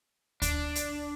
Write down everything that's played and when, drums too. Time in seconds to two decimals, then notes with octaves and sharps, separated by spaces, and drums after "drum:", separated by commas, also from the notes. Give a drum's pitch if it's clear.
0.42 D4, drum: kick D2, hi-hat
0.75 drum: hi-hat